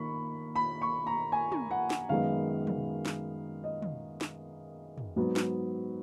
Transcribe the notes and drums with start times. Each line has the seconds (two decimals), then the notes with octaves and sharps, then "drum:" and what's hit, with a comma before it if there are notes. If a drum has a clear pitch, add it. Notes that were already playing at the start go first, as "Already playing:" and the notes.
Already playing: D#3 A#3 B5 C#6
0.55 B5
0.82 C#6
1.07 A#5
1.32 G#5
1.52 drum: tom
1.71 F#5
1.90 drum: snare
2.09 F#2 D#3 G#3 B3 F5
2.67 drum: tom
3.06 drum: snare
3.64 D#5
3.82 drum: tom
4.21 drum: snare
4.98 drum: tom
5.16 G#2 F#3 B3
5.36 drum: snare